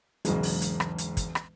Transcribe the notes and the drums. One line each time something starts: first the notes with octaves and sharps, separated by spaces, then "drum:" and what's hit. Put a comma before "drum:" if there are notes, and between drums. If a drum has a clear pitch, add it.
E1 B1 G#2 C#3 G#3, drum: hi-hat
drum: open hi-hat
drum: hi-hat
drum: rim click
drum: hi-hat
drum: kick, hi-hat
drum: rim click